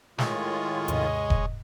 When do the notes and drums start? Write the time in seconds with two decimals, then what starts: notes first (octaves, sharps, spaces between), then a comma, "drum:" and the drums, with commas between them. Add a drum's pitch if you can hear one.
0.18 A2 D#3 G#3 F4 C#5, drum: snare
0.88 D#2 G#2 C3 D#5, drum: hi-hat
1.30 drum: kick E1